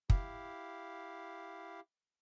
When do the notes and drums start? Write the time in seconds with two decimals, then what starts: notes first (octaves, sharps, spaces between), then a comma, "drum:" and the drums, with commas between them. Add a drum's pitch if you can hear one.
0.10 E4 G4 F5, drum: kick